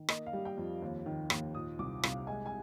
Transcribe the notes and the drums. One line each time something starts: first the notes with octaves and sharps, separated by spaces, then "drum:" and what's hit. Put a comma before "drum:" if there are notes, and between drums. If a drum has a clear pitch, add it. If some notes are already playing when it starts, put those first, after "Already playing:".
Already playing: D#3
A#3 D#5, drum: rim click
F5
G3
G5
F2
D#2
D#3
D#2, drum: rim click
A#2 D#6
C2 D6
C2 F5, drum: rim click
G#3 G#5
G#5